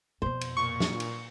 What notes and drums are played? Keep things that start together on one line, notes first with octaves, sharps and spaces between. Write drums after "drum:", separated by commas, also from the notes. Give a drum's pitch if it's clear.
F2 B2 C5
drum: cymbal
A#2 C#6
drum: snare
drum: cymbal